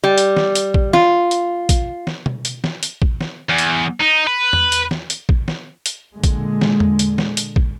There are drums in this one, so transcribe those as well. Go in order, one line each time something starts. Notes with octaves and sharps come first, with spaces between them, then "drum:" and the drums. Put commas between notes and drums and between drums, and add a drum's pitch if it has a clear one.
G3
drum: hi-hat
drum: snare
drum: hi-hat
drum: kick
F4, drum: snare
drum: hi-hat
drum: kick, hi-hat
drum: snare
drum: tom
drum: hi-hat
drum: snare
drum: hi-hat
drum: kick
drum: snare
E2
drum: hi-hat
D#4
B4
drum: tom E2
drum: hi-hat
drum: snare
drum: hi-hat
drum: kick
drum: snare
drum: hi-hat
A#2 D3 G#3
drum: kick, hi-hat
drum: snare
drum: tom E2
drum: hi-hat
drum: snare
drum: hi-hat
drum: kick